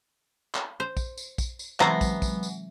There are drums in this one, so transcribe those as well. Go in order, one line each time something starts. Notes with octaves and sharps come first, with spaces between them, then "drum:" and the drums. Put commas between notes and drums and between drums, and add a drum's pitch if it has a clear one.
drum: clap
C5
drum: kick, tambourine
drum: tambourine
drum: kick, tambourine
drum: tambourine
C3 E3 F#3 G#3 B3 A5 A#5, drum: clap
drum: kick, tambourine
drum: kick, tambourine
drum: tambourine